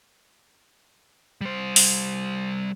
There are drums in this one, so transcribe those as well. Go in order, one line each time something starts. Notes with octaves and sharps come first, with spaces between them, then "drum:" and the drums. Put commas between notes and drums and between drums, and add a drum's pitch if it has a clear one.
G3 C5
drum: open hi-hat